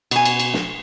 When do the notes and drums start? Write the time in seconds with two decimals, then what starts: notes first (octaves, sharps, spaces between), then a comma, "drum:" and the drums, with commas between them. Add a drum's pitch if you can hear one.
0.11 B2 G#5, drum: cymbal
0.25 drum: cymbal
0.40 drum: cymbal
0.54 drum: snare